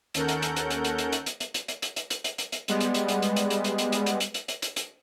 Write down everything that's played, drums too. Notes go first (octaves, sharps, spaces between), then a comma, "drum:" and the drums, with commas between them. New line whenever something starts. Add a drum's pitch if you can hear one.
D#2 C#4 A4 A#4 F#5 G6, drum: hi-hat
drum: hi-hat
drum: hi-hat
drum: hi-hat
drum: hi-hat
drum: hi-hat
drum: hi-hat
drum: hi-hat
drum: hi-hat
drum: hi-hat
drum: hi-hat
drum: hi-hat
drum: hi-hat
drum: hi-hat
drum: hi-hat
drum: hi-hat
drum: hi-hat
drum: hi-hat
G3 G#3 B3, drum: hi-hat
drum: hi-hat
drum: hi-hat
drum: hi-hat
drum: hi-hat
drum: hi-hat
drum: hi-hat
drum: hi-hat
drum: hi-hat
drum: hi-hat
drum: hi-hat
drum: hi-hat
drum: hi-hat
drum: hi-hat
drum: hi-hat
drum: hi-hat